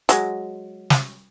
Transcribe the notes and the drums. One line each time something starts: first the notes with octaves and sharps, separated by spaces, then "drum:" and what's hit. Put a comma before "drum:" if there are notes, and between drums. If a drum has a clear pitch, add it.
F#3 G#3, drum: hi-hat
drum: snare